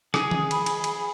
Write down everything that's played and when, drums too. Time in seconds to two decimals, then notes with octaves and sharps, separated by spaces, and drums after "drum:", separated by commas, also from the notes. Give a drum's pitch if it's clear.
0.14 G#4, drum: rim click
0.31 drum: tom D#3
0.51 B5, drum: cymbal
0.66 drum: cymbal
0.84 drum: cymbal